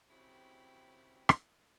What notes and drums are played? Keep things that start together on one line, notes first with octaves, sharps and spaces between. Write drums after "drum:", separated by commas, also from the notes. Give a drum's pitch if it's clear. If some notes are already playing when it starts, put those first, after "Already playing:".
C#3 C4 E4 F#4 G4
drum: rim click